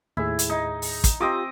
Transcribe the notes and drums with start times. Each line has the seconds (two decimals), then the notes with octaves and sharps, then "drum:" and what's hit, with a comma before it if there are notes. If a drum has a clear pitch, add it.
0.17 D#2 A2 E4 G#4
0.39 drum: hi-hat
0.50 D#4
0.82 drum: open hi-hat
1.04 drum: kick, hi-hat
1.20 C4 F4 G4 D#5 D6